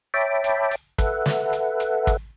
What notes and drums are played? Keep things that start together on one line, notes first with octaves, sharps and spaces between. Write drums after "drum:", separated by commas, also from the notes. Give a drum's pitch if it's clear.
C#5 E5 G5 A5 B5 D6
drum: hi-hat
drum: hi-hat
A4 B4 E5 F#5, drum: kick, hi-hat
drum: snare
drum: hi-hat
drum: hi-hat
drum: kick, hi-hat